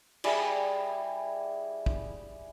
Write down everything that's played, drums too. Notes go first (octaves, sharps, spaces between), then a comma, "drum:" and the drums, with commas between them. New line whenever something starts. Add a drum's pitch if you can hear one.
G3 E4 G#4 D5, drum: cymbal
drum: kick